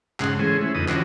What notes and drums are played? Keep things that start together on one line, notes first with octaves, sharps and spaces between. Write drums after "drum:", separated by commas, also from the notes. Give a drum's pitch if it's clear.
G#2 C#3 F#5 C6, drum: clap
E3 G#3 A3 C#4 G#4 C5
C#4 E4
F2 D3 D#4 A4 B4 D#6
E3 F3 C#4 F#4 C5 D5, drum: clap